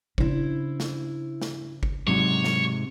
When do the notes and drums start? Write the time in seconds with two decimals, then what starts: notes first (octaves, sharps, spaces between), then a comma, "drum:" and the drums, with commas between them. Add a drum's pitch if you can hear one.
0.18 C#3 D4 E4 C5, drum: kick G1
0.80 drum: snare
1.41 drum: snare
1.83 drum: kick G1
2.07 G#2 C3 F#3 D#4 F#4 C#5
2.44 drum: snare